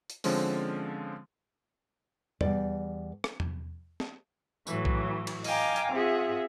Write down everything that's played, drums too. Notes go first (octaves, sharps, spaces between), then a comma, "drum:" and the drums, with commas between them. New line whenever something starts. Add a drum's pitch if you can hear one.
drum: hi-hat
D3 F3 G#3 C4 C#4, drum: open hi-hat
E2 G3 D5, drum: tom E2
drum: rim click
drum: tom E2
drum: snare
A2 E3 F#3, drum: tambourine
drum: kick B1
drum: cymbal
D#5 F5 G5 G#5 A#5 D6, drum: open hi-hat
drum: hi-hat
C4 F4 G#4 E5 F#5